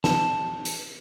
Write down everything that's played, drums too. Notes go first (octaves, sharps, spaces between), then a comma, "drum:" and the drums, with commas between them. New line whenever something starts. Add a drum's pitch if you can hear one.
A5, drum: snare
drum: hi-hat